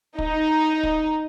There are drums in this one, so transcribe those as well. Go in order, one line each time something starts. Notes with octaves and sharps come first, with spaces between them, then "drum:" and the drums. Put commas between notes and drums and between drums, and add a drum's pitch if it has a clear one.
D#4, drum: kick
drum: kick